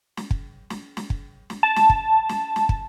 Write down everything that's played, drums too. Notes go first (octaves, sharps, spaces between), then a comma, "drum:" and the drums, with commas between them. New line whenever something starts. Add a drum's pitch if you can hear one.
drum: snare
drum: kick
drum: snare
drum: snare
drum: kick
drum: snare
A5
drum: snare
drum: kick
drum: snare
drum: snare
drum: kick